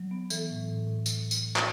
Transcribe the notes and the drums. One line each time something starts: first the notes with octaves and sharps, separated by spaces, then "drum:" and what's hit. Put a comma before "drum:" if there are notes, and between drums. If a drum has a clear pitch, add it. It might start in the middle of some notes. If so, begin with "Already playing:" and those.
Already playing: F#3
B3
E3 A4, drum: tambourine
A2
A2
A2
drum: tambourine
drum: tambourine
drum: clap